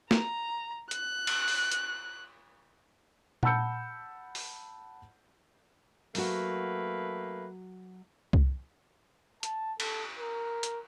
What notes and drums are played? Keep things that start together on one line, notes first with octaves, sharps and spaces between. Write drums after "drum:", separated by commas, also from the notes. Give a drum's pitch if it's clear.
A#5, drum: snare
F#6, drum: hi-hat
drum: cymbal
drum: open hi-hat
drum: hi-hat
F#5 A5 B5 E6 G6 C#7, drum: tom A#2
drum: open hi-hat
F#3 A3 A#3 F#4 B4, drum: open hi-hat
drum: kick C2
A5, drum: hi-hat
A4, drum: cymbal
A#4
drum: hi-hat